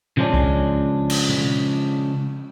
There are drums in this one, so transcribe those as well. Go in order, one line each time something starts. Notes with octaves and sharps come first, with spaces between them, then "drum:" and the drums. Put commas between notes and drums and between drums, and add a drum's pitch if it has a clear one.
C#3 F3 G#3 C#4 D4
drum: kick C2
drum: cymbal
drum: tom A#2